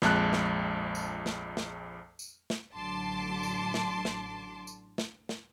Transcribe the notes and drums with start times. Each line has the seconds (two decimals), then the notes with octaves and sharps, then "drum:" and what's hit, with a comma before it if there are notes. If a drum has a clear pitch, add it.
0.02 A#1 F2 G#3 A5 F#6, drum: snare
0.33 drum: snare
0.95 drum: tambourine
1.26 drum: snare
1.57 drum: snare
2.19 drum: tambourine
2.50 drum: snare
2.75 A1 D3 F#3 A5 C6 D6
3.43 drum: tambourine
3.74 drum: snare
4.05 drum: snare
4.67 drum: tambourine
4.98 drum: snare
5.29 drum: snare